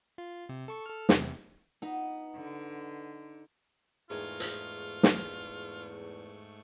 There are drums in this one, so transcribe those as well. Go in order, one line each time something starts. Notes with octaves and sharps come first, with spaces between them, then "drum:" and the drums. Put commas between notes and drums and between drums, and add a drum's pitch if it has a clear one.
F4
C3
A4 C#6 C#7
A4 F6
E2 C3, drum: snare
B3 D#4
D3
E2 G#2 A3 D#4 F4 G#4 A#4 C#6
drum: hi-hat
drum: snare